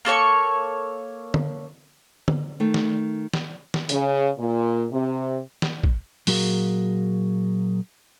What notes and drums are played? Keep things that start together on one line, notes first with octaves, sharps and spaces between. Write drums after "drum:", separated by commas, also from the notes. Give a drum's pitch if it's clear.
A#3 A4 C#5 C#6
drum: tom D3
drum: tom D3
D#3 A3
drum: snare
drum: snare
drum: snare
C#3, drum: hi-hat
A#2
C3
drum: snare
drum: kick
A#2 F#3 F#4 G#4 A#4 F5, drum: open hi-hat